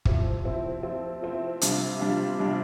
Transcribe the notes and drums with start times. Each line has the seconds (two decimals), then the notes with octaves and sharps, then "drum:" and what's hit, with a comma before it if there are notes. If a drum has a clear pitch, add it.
0.05 F3 C4 E4, drum: kick
0.44 F3 C4 E4
0.83 F3 C4 E4
1.22 F3 C4 E4
1.61 C3 G3 D4 F4, drum: hi-hat
1.99 C3 G3 D4 F4
2.39 C3 G3 D4 F4